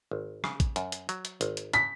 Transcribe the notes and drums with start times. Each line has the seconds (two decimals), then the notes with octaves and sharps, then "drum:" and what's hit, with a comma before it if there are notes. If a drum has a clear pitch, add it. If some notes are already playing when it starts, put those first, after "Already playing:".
0.11 G#1
0.44 C#3, drum: rim click
0.60 drum: kick, hi-hat
0.76 F#2, drum: hi-hat
0.92 drum: hi-hat
1.09 F#3, drum: hi-hat
1.25 drum: hi-hat
1.41 G#1, drum: hi-hat
1.57 drum: hi-hat
1.73 C#3 B6, drum: hi-hat